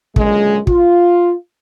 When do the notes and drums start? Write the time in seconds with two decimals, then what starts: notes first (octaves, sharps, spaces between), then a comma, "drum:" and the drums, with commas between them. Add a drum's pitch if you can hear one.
0.16 C#2 F#2 A#2 D3 G#3, drum: kick
0.67 F4, drum: kick